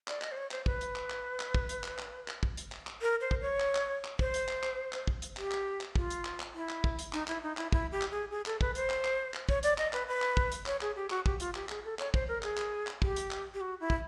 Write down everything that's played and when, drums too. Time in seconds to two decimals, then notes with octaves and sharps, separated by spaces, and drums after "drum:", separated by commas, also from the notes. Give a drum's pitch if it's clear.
0.08 D5, drum: clap
0.22 D#5, drum: clap
0.31 C5
0.37 C#5
0.51 C5, drum: clap
0.66 B4, drum: kick
0.81 drum: hi-hat
0.96 drum: clap
1.10 drum: clap
1.40 drum: clap
1.54 drum: kick
1.69 drum: hi-hat
1.84 drum: clap
1.99 drum: clap
2.28 drum: clap
2.43 drum: kick
2.57 drum: hi-hat
2.72 drum: clap
2.87 drum: clap
3.02 A#4
3.21 C5
3.31 drum: kick
3.41 C#5
3.60 drum: clap
3.75 drum: clap
4.05 drum: clap
4.19 C5, drum: kick
4.34 drum: hi-hat
4.49 drum: clap
4.63 drum: clap
4.93 drum: clap
5.07 drum: kick
5.22 drum: hi-hat
5.37 G4, drum: clap
5.52 drum: clap
5.81 drum: clap
5.96 F4, drum: kick
6.10 drum: hi-hat
6.25 drum: clap
6.40 drum: clap
6.55 E4
6.69 drum: clap
6.84 drum: kick
6.99 drum: hi-hat
7.13 D#4, drum: clap
7.28 E4, drum: clap
7.43 D#4
7.57 E4, drum: clap
7.72 E4, drum: kick
7.92 G4
8.02 drum: clap
8.11 G#4
8.31 G#4
8.46 A4, drum: clap
8.61 B4, drum: kick
8.75 C5, drum: hi-hat
8.90 drum: clap
9.05 drum: clap
9.34 drum: clap
9.49 C#5, drum: kick
9.63 D5, drum: hi-hat
9.78 D#5, drum: clap
9.93 B4, drum: clap
10.08 B4
10.22 drum: clap
10.37 drum: kick
10.52 drum: hi-hat
10.66 C#5, drum: clap
10.81 G#4, drum: clap
10.96 G4
11.10 F#4, drum: clap
11.26 G4, drum: kick
11.40 F4, drum: hi-hat
11.55 G4, drum: clap
11.69 G#4, drum: clap
11.84 A4
11.99 C#5, drum: clap
12.14 C5, drum: kick
12.28 A#4
12.43 G#4, drum: clap
12.58 drum: clap
12.87 drum: clap
13.02 G4, drum: kick
13.16 drum: hi-hat
13.31 drum: clap
13.54 G4
13.61 F#4
13.80 E4
13.90 drum: kick